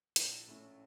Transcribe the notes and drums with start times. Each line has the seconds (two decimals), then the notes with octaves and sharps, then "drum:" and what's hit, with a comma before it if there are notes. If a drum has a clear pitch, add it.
0.16 A#1, drum: hi-hat
0.48 A2 A3 C#4